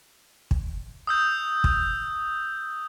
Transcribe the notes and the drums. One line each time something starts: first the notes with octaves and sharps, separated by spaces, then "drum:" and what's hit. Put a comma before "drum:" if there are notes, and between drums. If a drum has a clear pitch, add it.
drum: kick
D#6 E6 G6
drum: kick